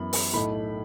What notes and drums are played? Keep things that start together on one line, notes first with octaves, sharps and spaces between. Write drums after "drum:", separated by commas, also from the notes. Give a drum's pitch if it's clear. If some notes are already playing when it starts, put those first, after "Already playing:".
Already playing: F#2 E3 B3 B5
drum: open hi-hat
B1 A2 A3 B5